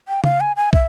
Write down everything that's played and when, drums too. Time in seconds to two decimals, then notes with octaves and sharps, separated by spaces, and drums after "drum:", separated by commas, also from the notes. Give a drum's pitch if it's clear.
0.08 G5
0.24 F5, drum: tom C#3
0.40 G#5
0.56 G#5
0.73 E5, drum: kick